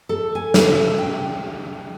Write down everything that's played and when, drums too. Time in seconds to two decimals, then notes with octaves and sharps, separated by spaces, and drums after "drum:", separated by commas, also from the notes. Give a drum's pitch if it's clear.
0.09 A4
0.35 G#5
0.54 drum: snare
0.70 E5
0.98 G5